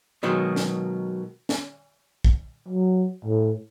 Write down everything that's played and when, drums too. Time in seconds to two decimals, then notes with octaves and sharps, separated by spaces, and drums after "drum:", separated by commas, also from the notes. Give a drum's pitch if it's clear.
0.23 B2 D#3 F#3 G#3
0.56 drum: snare
1.49 drum: snare
2.25 drum: kick
2.69 F#3
3.25 A2